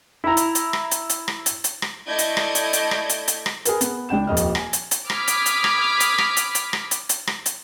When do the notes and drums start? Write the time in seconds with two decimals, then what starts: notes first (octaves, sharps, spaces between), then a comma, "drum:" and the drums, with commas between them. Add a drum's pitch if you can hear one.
0.24 E4 A#5
0.37 drum: hi-hat
0.55 drum: hi-hat
0.73 drum: rim click
0.91 drum: hi-hat
1.09 drum: hi-hat
1.28 drum: rim click
1.46 drum: hi-hat
1.64 drum: hi-hat
1.82 drum: rim click
2.08 A3 E4 D5 D#5 G6 G#6
2.19 drum: hi-hat
2.37 drum: rim click
2.55 drum: hi-hat
2.73 drum: hi-hat
2.91 drum: rim click
3.09 drum: hi-hat
3.28 drum: hi-hat
3.46 drum: rim click
3.65 G#4 A#4 B4, drum: hi-hat
3.81 B3, drum: hi-hat
4.09 C#2 D4 G5 E7
4.27 D#1 F2 D#5 F6
4.37 drum: hi-hat
4.55 G#5, drum: rim click
4.73 drum: hi-hat
4.91 drum: hi-hat
5.10 B5 D6 D#6 F6 G#6 B6, drum: rim click
5.28 drum: hi-hat
5.46 drum: hi-hat
5.64 drum: rim click
6.00 drum: hi-hat
6.18 drum: rim click
6.37 drum: hi-hat
6.55 drum: hi-hat
6.73 drum: rim click
6.91 drum: hi-hat
7.09 drum: hi-hat
7.27 drum: rim click
7.46 drum: hi-hat